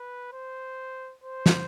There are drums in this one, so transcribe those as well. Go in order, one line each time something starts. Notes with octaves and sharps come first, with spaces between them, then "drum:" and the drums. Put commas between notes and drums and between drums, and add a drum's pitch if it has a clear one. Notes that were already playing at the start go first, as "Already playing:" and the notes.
Already playing: B4
C5
C5
drum: snare